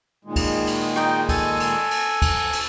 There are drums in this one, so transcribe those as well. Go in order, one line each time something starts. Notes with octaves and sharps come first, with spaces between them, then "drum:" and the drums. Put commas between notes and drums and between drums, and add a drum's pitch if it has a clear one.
A#2 D#3 G#3
drum: kick D2, cymbal
drum: cymbal
D#4 G5, drum: rim click
A4 G#5, drum: kick D2, cymbal
drum: cymbal
drum: cymbal
drum: kick D2, cymbal
drum: cymbal